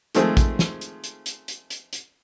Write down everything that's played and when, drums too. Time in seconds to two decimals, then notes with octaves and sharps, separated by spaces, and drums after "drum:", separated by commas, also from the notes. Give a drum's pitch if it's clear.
0.15 D#3 F3 G#3 A3 C4 G#4, drum: hi-hat
0.37 drum: kick, hi-hat
0.59 drum: snare
0.81 drum: hi-hat
1.04 drum: hi-hat
1.26 drum: hi-hat
1.48 drum: hi-hat
1.70 drum: hi-hat
1.93 drum: hi-hat